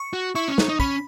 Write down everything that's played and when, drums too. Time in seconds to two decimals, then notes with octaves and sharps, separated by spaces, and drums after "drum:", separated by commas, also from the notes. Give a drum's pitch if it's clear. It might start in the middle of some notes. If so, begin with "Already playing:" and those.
Already playing: C#6 C#7
0.13 F#4
0.35 E4 C#6 C#7
0.48 C#4
0.58 D#4, drum: snare
0.69 D#4
0.80 C#4 B5 B6, drum: kick